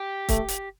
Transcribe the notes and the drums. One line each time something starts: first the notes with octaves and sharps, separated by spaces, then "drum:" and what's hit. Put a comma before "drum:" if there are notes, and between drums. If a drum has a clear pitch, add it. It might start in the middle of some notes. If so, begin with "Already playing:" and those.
Already playing: G4
A3, drum: kick, hi-hat
drum: hi-hat